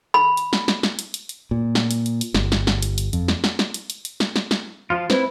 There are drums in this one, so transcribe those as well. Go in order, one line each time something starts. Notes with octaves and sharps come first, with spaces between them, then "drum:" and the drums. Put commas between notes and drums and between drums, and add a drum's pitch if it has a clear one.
B5
drum: hi-hat
drum: snare
drum: snare
drum: snare
drum: hi-hat
drum: hi-hat
drum: hi-hat
A#2
drum: snare
drum: hi-hat
drum: hi-hat
drum: hi-hat
G1, drum: snare
drum: snare
drum: snare
drum: hi-hat
drum: hi-hat
F2, drum: hi-hat
drum: snare
drum: snare
drum: snare
drum: hi-hat
drum: hi-hat
drum: hi-hat
drum: snare
drum: snare
drum: snare
F3 F4
C4 E4 B4 C5, drum: snare